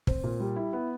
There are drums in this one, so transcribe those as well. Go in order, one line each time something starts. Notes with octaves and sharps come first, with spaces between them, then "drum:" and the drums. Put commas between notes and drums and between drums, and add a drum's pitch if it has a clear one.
C4, drum: kick
A#2
G3
E4
B3